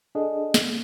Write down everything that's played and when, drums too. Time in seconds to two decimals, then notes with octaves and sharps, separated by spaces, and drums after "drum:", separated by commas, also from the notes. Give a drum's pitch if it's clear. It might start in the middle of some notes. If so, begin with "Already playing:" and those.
0.15 D4 G#4 A4 D#5
0.54 drum: snare